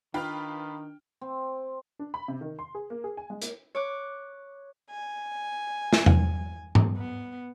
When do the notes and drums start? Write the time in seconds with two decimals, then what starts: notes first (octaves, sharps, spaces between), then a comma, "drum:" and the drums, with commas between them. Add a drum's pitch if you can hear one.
0.14 D#3 D4 F4 B4 G5 F6
1.21 C4
1.99 D4
2.14 B5
2.28 C3
2.41 D#3
2.59 C6
2.75 G#4
2.90 A#3
3.04 G#4
3.17 G#5
3.30 G#3
3.42 A#3, drum: hi-hat
3.75 C#5 D6 F#6
4.91 G#5
5.93 drum: snare
6.06 drum: tom E2
6.75 drum: tom G#2
6.97 B3